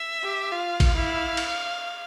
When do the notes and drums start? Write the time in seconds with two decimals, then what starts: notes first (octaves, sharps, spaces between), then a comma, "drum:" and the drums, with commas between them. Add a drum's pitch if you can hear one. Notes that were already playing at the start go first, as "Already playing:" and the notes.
Already playing: E5
0.23 G4
0.51 F4 F5
0.80 drum: kick A1, cymbal
0.95 E4
1.37 drum: cymbal